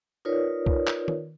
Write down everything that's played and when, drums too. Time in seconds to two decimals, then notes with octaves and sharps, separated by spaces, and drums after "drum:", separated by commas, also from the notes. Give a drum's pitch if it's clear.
0.25 D#4 F4 A#4 B4 C#5 D5
0.66 drum: kick B1
0.87 drum: clap
1.08 drum: tom D#3